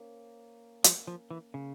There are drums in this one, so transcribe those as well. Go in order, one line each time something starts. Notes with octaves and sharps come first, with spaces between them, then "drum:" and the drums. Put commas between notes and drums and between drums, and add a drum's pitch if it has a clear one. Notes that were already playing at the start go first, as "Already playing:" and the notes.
Already playing: A#3 C#4 C5
F3, drum: hi-hat
F3
E3
C#3